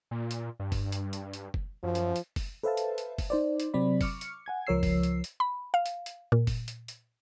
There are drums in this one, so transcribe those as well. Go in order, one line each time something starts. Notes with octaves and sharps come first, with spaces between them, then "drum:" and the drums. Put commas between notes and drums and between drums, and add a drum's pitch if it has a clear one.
A#2
drum: hi-hat
G2
drum: kick F#1, open hi-hat
drum: hi-hat
drum: hi-hat
drum: hi-hat
drum: kick F#1
F#2 F3
drum: hi-hat
drum: hi-hat
drum: kick F#1, open hi-hat
A4 B4 C5 E5 F5 A5
drum: hi-hat
drum: hi-hat
drum: kick F#1, open hi-hat
D#4 C5 D5
drum: hi-hat
C3 F#3 C4 D5 B5
C#6 D6 F6 C#7, drum: kick F#1, open hi-hat
drum: hi-hat
F#5 G#5 G#6
C#2 F3 A#4 C#5 E6 C7
drum: kick F#1, open hi-hat
drum: hi-hat
drum: hi-hat
B5
F5
drum: hi-hat
drum: hi-hat
A#2
drum: kick F#1, open hi-hat
drum: hi-hat
drum: hi-hat